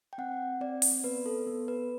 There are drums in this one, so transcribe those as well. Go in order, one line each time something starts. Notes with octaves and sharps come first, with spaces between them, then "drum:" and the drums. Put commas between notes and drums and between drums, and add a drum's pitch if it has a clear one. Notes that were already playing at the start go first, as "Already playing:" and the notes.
G5
C4 F#5
C4 D5
drum: open hi-hat
B3 B4
A4
B3
B4